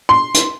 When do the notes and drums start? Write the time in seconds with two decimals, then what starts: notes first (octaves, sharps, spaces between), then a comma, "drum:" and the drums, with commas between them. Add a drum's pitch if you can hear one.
0.09 C6
0.34 drum: hi-hat